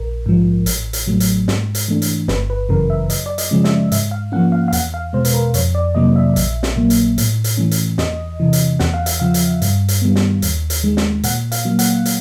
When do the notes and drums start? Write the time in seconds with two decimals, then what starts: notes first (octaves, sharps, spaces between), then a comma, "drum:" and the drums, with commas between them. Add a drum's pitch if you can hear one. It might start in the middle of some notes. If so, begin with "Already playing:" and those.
Already playing: A#1 A#4
0.26 G#2 F3
0.66 A1, drum: hi-hat
0.93 drum: hi-hat
1.07 A2 F#3 A3
1.20 drum: hi-hat
1.48 G#2, drum: snare
1.75 drum: hi-hat
1.88 E3 A3 D4
2.02 drum: hi-hat
2.28 G1 B4, drum: snare
2.50 B4
2.69 F#2 C#3 E3 A#4
2.90 E5
3.10 F#2 D#5, drum: hi-hat
3.26 D5
3.38 D#5, drum: hi-hat
3.51 C#3 F3 G#3 C#4
3.64 E5, drum: snare
3.92 G#2 E5, drum: hi-hat
4.11 F5
4.32 F3 A#3 C#4 F#5
4.52 F5
4.68 F5
4.72 E2 F#5, drum: hi-hat
4.94 F5
5.13 B2 G#3 C5
5.25 B4, drum: hi-hat
5.34 A#4
5.54 F2 C#5, drum: hi-hat
5.75 D5
5.95 C3 D#3 F#3 A#3 D#5
6.16 E5
6.36 A#1, drum: hi-hat
6.63 drum: snare
6.76 A#2 F#3 A#3
6.90 drum: hi-hat
7.18 A2, drum: hi-hat
7.44 drum: hi-hat
7.57 E3 A3 C#4
7.71 drum: hi-hat
7.98 E2 D#5, drum: snare
8.40 C3 E3
8.53 drum: hi-hat
8.79 E2 F#5, drum: snare
8.94 F5
9.06 E5, drum: hi-hat
9.20 C#3 F3 F5
9.34 drum: hi-hat
9.62 G2, drum: hi-hat
9.88 drum: hi-hat
10.02 D#3 G3 B3
10.16 drum: snare
10.42 D#2, drum: hi-hat
10.70 drum: hi-hat
10.84 D#3 G#3
10.97 drum: snare
11.23 A#2 F#5, drum: hi-hat
11.52 F5, drum: hi-hat
11.65 F#3 A#3
11.79 F#5, drum: hi-hat
12.05 drum: hi-hat